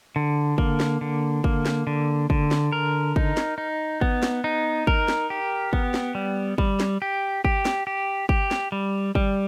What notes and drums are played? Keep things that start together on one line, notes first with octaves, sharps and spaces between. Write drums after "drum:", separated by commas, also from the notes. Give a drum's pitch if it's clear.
D3
A#3, drum: kick
drum: snare
D3
A#3, drum: kick
drum: snare
D3
D3, drum: kick
drum: snare
A#4
D#4, drum: kick
drum: snare
D#4
B3, drum: kick
drum: snare
D#4
A#4, drum: kick
drum: snare
G4
B3, drum: kick
drum: snare
G3
G3, drum: kick
drum: snare
G4
G4, drum: kick
drum: snare
G4
G4, drum: kick
drum: snare
G3
G3, drum: kick